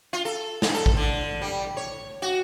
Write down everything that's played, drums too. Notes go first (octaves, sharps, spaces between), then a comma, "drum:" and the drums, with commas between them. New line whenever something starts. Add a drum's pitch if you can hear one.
F4
A4
G2, drum: snare
A4
drum: kick A1
D3
G3
C#5
F#4